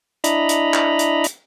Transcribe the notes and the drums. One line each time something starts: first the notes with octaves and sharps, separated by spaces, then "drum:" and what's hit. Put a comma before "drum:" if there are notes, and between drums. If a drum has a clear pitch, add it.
D4 E4 D#5 A#5 B5, drum: hi-hat
drum: hi-hat
drum: clap
drum: hi-hat
drum: hi-hat